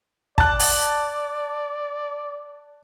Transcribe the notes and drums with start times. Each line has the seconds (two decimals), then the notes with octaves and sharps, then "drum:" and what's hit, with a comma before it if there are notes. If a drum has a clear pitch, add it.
0.38 D5 A5 F#6, drum: kick
0.59 drum: open hi-hat